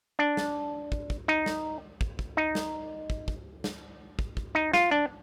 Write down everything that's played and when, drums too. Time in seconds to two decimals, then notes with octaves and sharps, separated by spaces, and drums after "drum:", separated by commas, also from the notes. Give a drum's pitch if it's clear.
0.19 D4
0.37 drum: snare
0.92 drum: kick
1.10 drum: kick
1.28 D#4
1.46 drum: snare
2.01 drum: kick
2.19 drum: kick
2.37 D#4
2.55 drum: snare
3.10 drum: kick
3.28 drum: kick
3.64 drum: snare
4.19 drum: kick
4.37 drum: kick
4.55 D#4
4.73 F4, drum: snare
4.91 D4